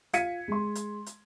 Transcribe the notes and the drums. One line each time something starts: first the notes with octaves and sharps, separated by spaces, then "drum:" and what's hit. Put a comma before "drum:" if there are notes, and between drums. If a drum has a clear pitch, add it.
F4 F5 G#6 B6 C#7 D#7, drum: hi-hat
G#3 C6
drum: hi-hat
drum: hi-hat